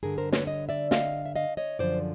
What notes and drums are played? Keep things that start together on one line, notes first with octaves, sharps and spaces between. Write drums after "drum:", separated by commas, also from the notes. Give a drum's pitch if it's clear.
G2 D3 G3 G#4 A#4
A#4 C5
B4 C#5, drum: snare
C#5 D#5
D5 E5
D#5 F5, drum: snare
E5
D#5 F5
C#5 D#5
F#2 D3 F3 C5 D5